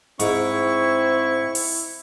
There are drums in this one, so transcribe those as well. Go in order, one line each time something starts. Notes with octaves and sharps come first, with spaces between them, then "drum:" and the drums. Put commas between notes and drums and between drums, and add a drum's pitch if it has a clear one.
G#2 C4 E4 C#6, drum: hi-hat
drum: open hi-hat